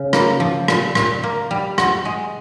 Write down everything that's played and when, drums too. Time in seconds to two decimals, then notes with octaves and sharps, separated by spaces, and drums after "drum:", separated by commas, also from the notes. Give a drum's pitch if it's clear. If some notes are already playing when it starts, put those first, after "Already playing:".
Already playing: C#3
0.13 A#3, drum: rim click
0.40 F3
0.68 A#2, drum: rim click
0.95 A#2, drum: rim click
1.23 A#3
1.51 G3
1.78 F#4, drum: rim click
2.05 G#3